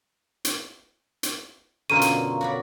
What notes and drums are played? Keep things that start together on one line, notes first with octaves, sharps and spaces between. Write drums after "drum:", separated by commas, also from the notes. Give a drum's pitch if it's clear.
drum: hi-hat
drum: hi-hat
F#2 B2 D3 F4 A#4 C#5 D#7
drum: hi-hat
F#4 D5 B5